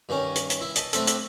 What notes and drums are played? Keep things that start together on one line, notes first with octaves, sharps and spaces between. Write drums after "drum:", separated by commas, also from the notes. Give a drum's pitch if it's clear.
G2 D#3 C#4
drum: hi-hat
drum: hi-hat
E4
D#5 A5, drum: hi-hat
A3 C4 D4 A4, drum: hi-hat
drum: hi-hat